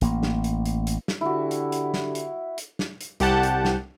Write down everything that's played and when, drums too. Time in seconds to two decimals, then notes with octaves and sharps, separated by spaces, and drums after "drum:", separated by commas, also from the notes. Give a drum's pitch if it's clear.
0.01 A1 A#3, drum: hi-hat
0.23 drum: snare
0.44 drum: hi-hat
0.66 drum: hi-hat
0.87 drum: hi-hat
1.08 drum: snare
1.21 D3 E4 F#4 G4
1.51 drum: hi-hat
1.72 drum: hi-hat
1.94 drum: snare
2.15 drum: hi-hat
2.58 drum: hi-hat
2.79 drum: snare
3.01 drum: hi-hat
3.20 C2 G4 F#5 A5 G6, drum: hi-hat
3.43 drum: hi-hat
3.65 drum: snare